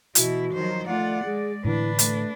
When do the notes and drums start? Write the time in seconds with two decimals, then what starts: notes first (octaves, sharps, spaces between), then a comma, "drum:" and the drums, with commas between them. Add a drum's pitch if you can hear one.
0.15 B2 E3 E4 F#4, drum: hi-hat
0.53 D#3 F3 F#3 C5
0.88 A3 F4 D5 F#5
1.25 G#3 G#4
1.65 A2 D3 E3 D4 E4 B4
1.99 A3, drum: hi-hat